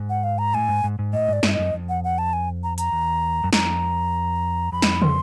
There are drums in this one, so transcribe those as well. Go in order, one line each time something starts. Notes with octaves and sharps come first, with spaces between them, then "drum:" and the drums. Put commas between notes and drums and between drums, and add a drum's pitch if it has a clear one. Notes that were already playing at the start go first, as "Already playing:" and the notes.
Already playing: G#2
F#5
F5
A#5
A2 G#5
G#2
G#2
G#2
A2 D#5
G#2 D5
G2 E5, drum: snare
D#5
F#2
F2
F#5
F#5
A5
G#5
A#5
A#5, drum: hi-hat
E2
F#2
F2 A#5, drum: snare
F2 B5
drum: snare
C6, drum: tom